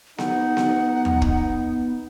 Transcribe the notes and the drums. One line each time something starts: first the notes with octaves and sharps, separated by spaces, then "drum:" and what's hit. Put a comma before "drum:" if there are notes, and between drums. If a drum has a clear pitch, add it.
B3 D#4 F#5, drum: snare B3
drum: snare B3
drum: tom D#2
drum: kick